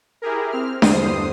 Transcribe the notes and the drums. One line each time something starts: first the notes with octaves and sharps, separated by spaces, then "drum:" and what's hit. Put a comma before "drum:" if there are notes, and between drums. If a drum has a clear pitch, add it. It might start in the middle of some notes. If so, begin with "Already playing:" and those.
E4 G4 G#4 A#4
C4 F6
E2 G2 D3 C5 D#6 C7, drum: snare D4